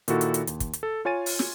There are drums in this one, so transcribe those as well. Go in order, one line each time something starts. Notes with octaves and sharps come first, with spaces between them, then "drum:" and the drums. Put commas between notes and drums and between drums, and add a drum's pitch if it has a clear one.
A#2 D#3 E4 F#4 A4, drum: hi-hat
drum: hi-hat
drum: hi-hat
D#2, drum: hi-hat
drum: kick, hi-hat
drum: hi-hat
A4
F4 C#5 G#5 A6 D#7
drum: open hi-hat
drum: snare